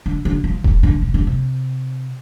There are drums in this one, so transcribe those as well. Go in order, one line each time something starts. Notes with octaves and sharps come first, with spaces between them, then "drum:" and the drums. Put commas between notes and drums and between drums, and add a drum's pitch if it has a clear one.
D3
D3
F3
D#3, drum: kick D#1
D3
C3
D3
C3